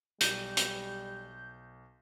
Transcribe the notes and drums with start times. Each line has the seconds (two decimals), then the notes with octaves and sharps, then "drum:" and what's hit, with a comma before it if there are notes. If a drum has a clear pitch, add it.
0.21 B1 G3 G6, drum: hi-hat
0.57 drum: hi-hat